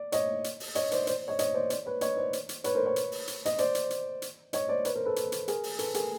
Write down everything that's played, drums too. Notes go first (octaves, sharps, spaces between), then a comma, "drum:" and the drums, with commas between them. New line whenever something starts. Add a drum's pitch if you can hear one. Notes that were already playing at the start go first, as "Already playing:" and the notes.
Already playing: D5
C#5 D#5, drum: hi-hat
drum: hi-hat
drum: open hi-hat
C#5 D#5, drum: hi-hat
C5 D5, drum: hi-hat
C5 D5, drum: hi-hat
C#5 D#5
C#5 D#5, drum: hi-hat
C5 D5
C5 D5, drum: hi-hat
B4 C#5
C#5 D#5, drum: hi-hat
C5 D5
drum: hi-hat
drum: hi-hat
B4 C#5, drum: hi-hat
A#4 C5
B4 C#5
drum: hi-hat
drum: open hi-hat
drum: hi-hat
D#5, drum: hi-hat
C5 D5, drum: hi-hat
drum: hi-hat
drum: hi-hat
drum: hi-hat
C#5 D#5, drum: hi-hat
C5 D5
B4 C#5, drum: hi-hat
A#4 C5
A4 B4
drum: hi-hat
drum: hi-hat
G#4 A#4, drum: hi-hat
drum: open hi-hat
A4 B4, drum: hi-hat
G#4 A#4, drum: hi-hat